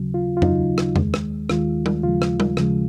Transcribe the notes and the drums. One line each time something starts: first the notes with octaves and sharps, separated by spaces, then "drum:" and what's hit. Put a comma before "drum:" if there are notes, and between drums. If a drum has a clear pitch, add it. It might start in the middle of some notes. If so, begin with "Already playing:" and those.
Already playing: D#2 C#3 F#3
F4
F4
D#2 C#3 F#3 D#4, drum: tom F2
drum: rim click
D#2 D#3 G#3, drum: tom F2
drum: rim click
D#2 D#3 G#3 F4, drum: rim click
drum: tom G3
D#2 C#3 F3 G#3 F4
drum: rim click
drum: tom G3
D#2 C#3 F3 G#3, drum: rim click